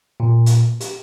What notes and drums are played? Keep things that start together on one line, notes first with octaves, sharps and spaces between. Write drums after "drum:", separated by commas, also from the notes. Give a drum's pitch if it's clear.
A#2
drum: hi-hat
G4, drum: hi-hat